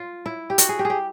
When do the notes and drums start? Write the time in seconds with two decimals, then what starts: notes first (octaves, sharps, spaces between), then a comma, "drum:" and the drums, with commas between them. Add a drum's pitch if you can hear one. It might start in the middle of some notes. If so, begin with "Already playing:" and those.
Already playing: F4
0.26 E4
0.50 G4
0.58 F#4, drum: hi-hat
0.69 G#4
0.79 G4
0.85 G#4
0.90 G4